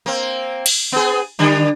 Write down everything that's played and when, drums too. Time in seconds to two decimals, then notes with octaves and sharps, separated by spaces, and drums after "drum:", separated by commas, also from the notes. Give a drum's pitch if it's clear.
0.06 A#3 C4
0.66 drum: cymbal
0.92 B3 G#4
1.39 D3 G3 D4